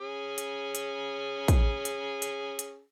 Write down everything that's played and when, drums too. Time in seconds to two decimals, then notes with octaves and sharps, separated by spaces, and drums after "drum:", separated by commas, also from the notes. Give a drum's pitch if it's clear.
0.01 C#4 G#4
0.38 drum: hi-hat
0.75 drum: hi-hat
1.48 drum: kick, hi-hat
1.85 drum: hi-hat
2.22 drum: hi-hat
2.59 drum: hi-hat